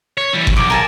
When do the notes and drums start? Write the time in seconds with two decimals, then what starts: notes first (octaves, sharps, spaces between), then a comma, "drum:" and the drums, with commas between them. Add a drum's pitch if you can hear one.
0.18 C#5
0.34 E3 G3
0.47 drum: kick G1
0.56 B1 D6
0.70 A#4 G#5 A5